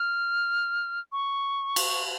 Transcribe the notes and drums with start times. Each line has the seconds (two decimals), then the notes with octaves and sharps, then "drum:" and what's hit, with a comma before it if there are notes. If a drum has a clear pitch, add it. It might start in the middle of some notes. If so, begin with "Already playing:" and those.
Already playing: F6
1.12 C#6
1.76 drum: cymbal